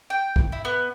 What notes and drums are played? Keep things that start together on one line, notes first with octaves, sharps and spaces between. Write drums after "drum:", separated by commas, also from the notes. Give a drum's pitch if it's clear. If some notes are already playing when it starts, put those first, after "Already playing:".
G5
drum: kick
E4
B3